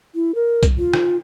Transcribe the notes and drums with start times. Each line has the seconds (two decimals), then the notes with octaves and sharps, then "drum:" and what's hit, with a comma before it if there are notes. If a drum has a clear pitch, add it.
0.15 E4
0.35 A#4
0.63 drum: kick, hi-hat
0.78 F4
0.93 drum: rim click